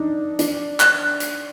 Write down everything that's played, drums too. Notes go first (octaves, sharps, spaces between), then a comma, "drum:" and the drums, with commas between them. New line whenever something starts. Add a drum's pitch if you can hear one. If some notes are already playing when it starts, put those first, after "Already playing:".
Already playing: D4 D#4
D4, drum: hi-hat
F#6, drum: clap
drum: hi-hat